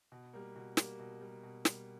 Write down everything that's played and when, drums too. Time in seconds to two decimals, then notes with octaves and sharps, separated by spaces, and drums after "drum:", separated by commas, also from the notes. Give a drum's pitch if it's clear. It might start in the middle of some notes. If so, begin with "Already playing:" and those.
0.12 B2
0.33 G3 A#3
0.56 B2
0.77 G3 A#3, drum: snare
0.99 B2
1.21 G3 A#3
1.43 B2
1.65 G3 A#3, drum: snare